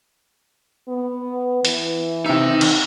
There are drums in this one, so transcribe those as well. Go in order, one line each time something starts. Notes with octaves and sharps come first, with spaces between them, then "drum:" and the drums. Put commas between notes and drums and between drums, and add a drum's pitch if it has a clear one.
B3
E3, drum: hi-hat
C3 D#4 E5 G5
drum: cymbal